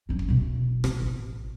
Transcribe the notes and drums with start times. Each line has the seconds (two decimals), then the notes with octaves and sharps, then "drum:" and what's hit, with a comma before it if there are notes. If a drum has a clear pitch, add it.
0.09 F#3 C#4
0.19 drum: kick
0.28 E1 B2
0.84 D3, drum: rim click
1.02 A1